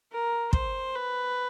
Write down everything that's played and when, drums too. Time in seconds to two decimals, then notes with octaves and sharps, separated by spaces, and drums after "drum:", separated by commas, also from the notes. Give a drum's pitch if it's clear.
0.12 A#4
0.53 C5, drum: kick
0.95 B4